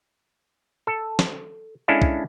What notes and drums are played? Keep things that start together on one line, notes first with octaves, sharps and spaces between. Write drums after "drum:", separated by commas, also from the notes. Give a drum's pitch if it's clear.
A4
drum: snare
G#3 C#4 D4 E4 A4 F5
drum: kick